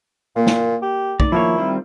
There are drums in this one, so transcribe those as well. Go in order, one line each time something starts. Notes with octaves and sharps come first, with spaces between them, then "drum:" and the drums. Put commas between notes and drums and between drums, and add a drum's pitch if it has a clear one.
A#2 A#3
drum: snare
G4
A3 D#4 D5, drum: kick
D#3 F3 A#3 E4 C#5
G3 C4 F4